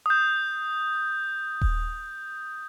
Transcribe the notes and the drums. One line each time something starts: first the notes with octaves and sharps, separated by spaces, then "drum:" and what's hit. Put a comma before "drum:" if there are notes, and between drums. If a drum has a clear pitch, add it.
D#6 G6
drum: kick D#1